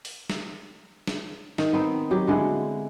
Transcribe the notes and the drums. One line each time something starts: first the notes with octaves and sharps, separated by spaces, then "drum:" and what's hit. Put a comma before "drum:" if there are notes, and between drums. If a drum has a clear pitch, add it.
drum: open hi-hat
drum: snare
drum: snare
D#3, drum: snare
B3 C4 D#4
F#3 G4
D3 G#3 E4 F#5